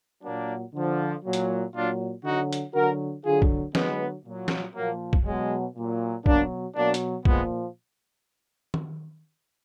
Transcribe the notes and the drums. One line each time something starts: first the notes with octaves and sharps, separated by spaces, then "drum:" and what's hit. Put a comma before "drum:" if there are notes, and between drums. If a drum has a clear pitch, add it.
A#2 F#3 A#3 D4
D3 F3
A#2 F#3
drum: hi-hat
A#2 F#3 D4 F4
D3 F#3 D#4 F#4
drum: hi-hat
D3 F#3 F#4 A#4
D3 F#3 F4 G#4
drum: kick A#1
D3 F#3 G#3 B3, drum: snare
A#2 F#3
drum: snare
A#2 F3 F#3 A#3
drum: kick A#1
B2 F#3 G#3
A#2 F#3
B2 F#3 A#3 D4, drum: kick A#1
B2 F#3 A#3 D4
drum: hi-hat
A#2 F3 G#3 B3, drum: kick A#1
drum: tom D#3